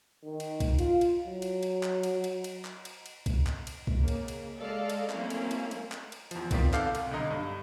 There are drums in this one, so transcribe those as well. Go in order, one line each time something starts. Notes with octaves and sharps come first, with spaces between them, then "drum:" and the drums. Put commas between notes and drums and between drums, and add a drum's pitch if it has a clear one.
D#3
drum: cymbal
drum: kick C2, cymbal
F4, drum: cymbal
drum: cymbal
F#3
drum: cymbal
drum: cymbal
drum: clap
drum: cymbal
drum: cymbal
drum: cymbal
drum: clap
drum: cymbal
drum: cymbal
drum: kick C2, cymbal
drum: clap
drum: cymbal
drum: kick C2
C#3 A#3
drum: cymbal
drum: cymbal
G#3 A4 D5 D#5 F5
drum: cymbal
F#3 A3 A#3 C4 C#4 E4, drum: clap
drum: cymbal
drum: cymbal
drum: cymbal
drum: clap
drum: cymbal
E2 F3, drum: cymbal
D#3 B3 C4 F4 D5 B6, drum: kick C2, cymbal
A4 F5 F#5 D6 G6 C7, drum: clap
C2, drum: cymbal
B1 D3 D#5 A#5
G2